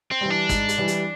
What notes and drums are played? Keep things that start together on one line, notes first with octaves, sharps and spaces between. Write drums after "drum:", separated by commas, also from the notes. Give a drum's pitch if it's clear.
C4
E3 G3
D4
G#2, drum: kick, hi-hat
drum: hi-hat
E3 G3
drum: hi-hat